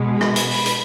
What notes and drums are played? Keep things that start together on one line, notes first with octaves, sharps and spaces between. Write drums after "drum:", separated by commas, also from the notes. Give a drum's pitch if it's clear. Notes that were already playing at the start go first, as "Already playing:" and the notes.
Already playing: B2 G#3
B5, drum: rim click
drum: hi-hat
drum: open hi-hat
drum: hi-hat